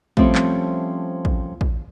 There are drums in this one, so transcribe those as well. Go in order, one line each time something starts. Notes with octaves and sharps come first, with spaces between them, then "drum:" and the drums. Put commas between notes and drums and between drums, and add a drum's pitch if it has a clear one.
F3 G3 A3 C4 C#4, drum: kick
drum: clap
drum: kick
drum: kick